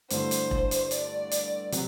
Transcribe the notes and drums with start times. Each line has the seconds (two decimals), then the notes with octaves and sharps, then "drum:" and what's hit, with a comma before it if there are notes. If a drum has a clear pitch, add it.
0.10 G2 D3 A3 E4 C5, drum: hi-hat
0.31 drum: hi-hat
0.51 drum: kick E1
0.71 drum: hi-hat
0.91 D5, drum: hi-hat
1.31 drum: hi-hat
1.72 C3 F#3, drum: hi-hat